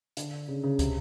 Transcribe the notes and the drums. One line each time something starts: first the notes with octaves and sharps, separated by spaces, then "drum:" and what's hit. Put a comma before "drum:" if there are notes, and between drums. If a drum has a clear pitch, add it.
D3, drum: hi-hat
C#3
C#3
C3, drum: kick, hi-hat